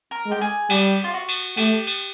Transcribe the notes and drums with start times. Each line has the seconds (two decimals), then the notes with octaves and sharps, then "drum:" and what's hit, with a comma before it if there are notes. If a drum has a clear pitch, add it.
0.11 A#4
0.26 G#3
0.31 G4
0.41 G#4
0.70 G3 G4, drum: cymbal
1.04 F4
1.14 F#4
1.29 drum: cymbal
1.57 A3 G4, drum: cymbal
1.87 drum: cymbal